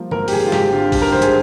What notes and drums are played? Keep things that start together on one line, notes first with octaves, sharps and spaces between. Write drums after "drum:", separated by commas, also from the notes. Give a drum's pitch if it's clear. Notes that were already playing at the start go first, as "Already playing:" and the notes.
Already playing: F3 G3 A#3
G#1 A#4, drum: tom D3
G4, drum: open hi-hat
G#1 G#4
F4
G#1 G4, drum: snare
D3 F4
G2 G4, drum: kick, open hi-hat
A#4
G#1 C5
G#4, drum: hi-hat